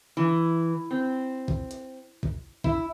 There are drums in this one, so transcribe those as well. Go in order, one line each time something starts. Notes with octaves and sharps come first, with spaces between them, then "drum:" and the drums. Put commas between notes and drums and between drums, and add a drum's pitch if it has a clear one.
E3
C4
drum: kick
drum: hi-hat
drum: kick
E4, drum: kick